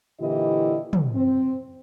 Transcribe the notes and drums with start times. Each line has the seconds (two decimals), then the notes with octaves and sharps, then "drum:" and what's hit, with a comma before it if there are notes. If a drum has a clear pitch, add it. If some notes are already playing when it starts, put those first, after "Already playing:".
0.20 A#2 D3 E3 E4 G4 D#5
0.93 drum: tom
1.15 C4